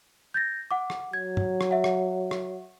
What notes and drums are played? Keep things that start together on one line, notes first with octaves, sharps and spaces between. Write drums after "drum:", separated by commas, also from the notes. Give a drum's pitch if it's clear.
G6 A6 A#6
F#5 D6
drum: rim click
F#3 G#6
drum: tom
drum: rim click
E5 F#5
drum: rim click
drum: rim click